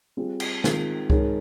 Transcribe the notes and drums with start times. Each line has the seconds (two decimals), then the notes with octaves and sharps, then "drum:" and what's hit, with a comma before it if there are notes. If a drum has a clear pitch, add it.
0.17 G3 C4 F4 G#4
0.40 drum: cymbal
0.64 D#3 G#3 C4 F4 A#4, drum: snare
1.10 G#3 D#4 A#4 C#5, drum: kick C2